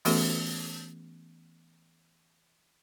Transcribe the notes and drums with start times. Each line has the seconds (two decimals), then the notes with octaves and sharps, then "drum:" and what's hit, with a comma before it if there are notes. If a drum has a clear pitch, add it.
0.05 E3 A3 B3 C#4 F#4 A4, drum: open hi-hat